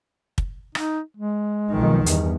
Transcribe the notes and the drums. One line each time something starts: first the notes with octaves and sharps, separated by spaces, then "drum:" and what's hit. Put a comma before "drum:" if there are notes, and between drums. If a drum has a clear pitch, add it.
drum: kick
D#4, drum: rim click
G#3
B1 F2 D#3
E2 G2, drum: hi-hat